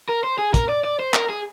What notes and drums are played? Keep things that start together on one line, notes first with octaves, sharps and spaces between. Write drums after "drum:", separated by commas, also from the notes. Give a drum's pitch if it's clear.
A#4
C5
G#4
A#4, drum: kick, hi-hat
D5
D5
C5
A#4, drum: clap
G#4